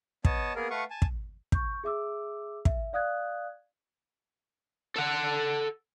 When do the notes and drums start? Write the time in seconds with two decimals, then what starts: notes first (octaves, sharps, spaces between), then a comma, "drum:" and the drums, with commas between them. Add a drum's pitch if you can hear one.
0.25 B3 C#5 D#5 A5, drum: kick
0.56 A#3 B3 G#4 A#4
0.70 A3 B4 F5 F#5 C#6
0.90 G#5 A5
1.02 drum: kick
1.52 C#6 G6, drum: kick
1.84 G#4 E5 D6 E6
2.65 E5, drum: kick
2.93 D5 F5 D#6 F#6 G#6
4.96 A4 F#5